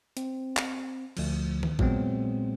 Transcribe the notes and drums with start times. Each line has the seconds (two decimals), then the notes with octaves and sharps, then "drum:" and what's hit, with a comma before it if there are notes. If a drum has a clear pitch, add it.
0.17 C4, drum: hi-hat
0.57 drum: clap
1.17 D2 F3, drum: cymbal
1.63 drum: tom D#3
1.79 A#2 F#3 G#3 B3 C4, drum: kick A1